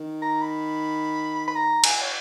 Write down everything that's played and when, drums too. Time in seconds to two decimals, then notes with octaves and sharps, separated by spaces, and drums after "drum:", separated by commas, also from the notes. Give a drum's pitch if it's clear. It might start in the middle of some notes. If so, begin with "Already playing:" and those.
Already playing: D#3
0.22 A#5
0.42 B5
1.47 B5
1.56 A#5
1.84 G#5, drum: cymbal
2.02 C#5